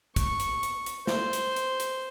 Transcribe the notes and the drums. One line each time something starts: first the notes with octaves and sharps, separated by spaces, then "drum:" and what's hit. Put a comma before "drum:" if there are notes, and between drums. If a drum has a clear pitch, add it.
C#6, drum: kick, hi-hat
drum: hi-hat
drum: hi-hat
drum: hi-hat
C5, drum: snare
drum: hi-hat
drum: hi-hat
drum: hi-hat